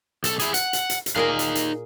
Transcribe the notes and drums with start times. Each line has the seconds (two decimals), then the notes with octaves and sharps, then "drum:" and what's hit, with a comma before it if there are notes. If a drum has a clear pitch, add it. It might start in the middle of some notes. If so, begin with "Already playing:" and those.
0.24 B1 A4, drum: hi-hat
0.39 E4 G#4, drum: hi-hat
0.54 F#5, drum: hi-hat
0.73 drum: hi-hat
0.90 drum: hi-hat
1.06 drum: hi-hat
1.16 A#2 D#4 G#4 A#4 F5
1.39 drum: hi-hat
1.55 drum: hi-hat